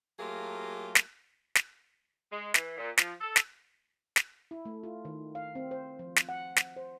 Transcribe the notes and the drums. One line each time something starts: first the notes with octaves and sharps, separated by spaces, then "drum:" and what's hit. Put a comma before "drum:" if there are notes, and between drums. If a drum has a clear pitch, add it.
F#3 A3 A#3 F4 G4 G#4
drum: snare
drum: snare
G#3
E3, drum: snare
A#2
F3, drum: snare
A4
drum: snare
drum: snare
E4
A3
F4
D#3
F5
C4
C5
F3
drum: snare
F#5
drum: snare
C5